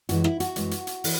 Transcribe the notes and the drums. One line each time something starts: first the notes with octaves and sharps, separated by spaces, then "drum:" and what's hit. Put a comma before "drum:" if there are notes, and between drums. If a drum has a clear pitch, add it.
F#2 E3 G#3 F#4, drum: hi-hat
E4, drum: rim click
F#4, drum: hi-hat
F#2 E3 G#3, drum: hi-hat
drum: hi-hat
drum: hi-hat
E3, drum: open hi-hat